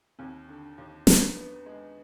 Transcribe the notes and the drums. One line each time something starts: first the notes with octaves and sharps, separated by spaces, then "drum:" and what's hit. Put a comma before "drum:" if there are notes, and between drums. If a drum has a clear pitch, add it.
D#2 C4
D3
D#2
B3 D4, drum: snare
B3
G#3